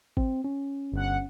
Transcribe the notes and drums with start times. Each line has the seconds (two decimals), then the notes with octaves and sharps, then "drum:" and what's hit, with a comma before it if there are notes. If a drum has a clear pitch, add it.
0.17 C4, drum: kick
0.44 C#4
0.92 G1 F#5